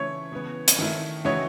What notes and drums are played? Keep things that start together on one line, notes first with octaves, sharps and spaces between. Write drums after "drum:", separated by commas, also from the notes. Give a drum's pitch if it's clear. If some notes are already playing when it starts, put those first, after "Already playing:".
Already playing: C#3 E3 A3 C#5
C#3 E3 B3
drum: hi-hat
D#3 A3 E4
C#3 E3 A3 D#4 F#4 C#5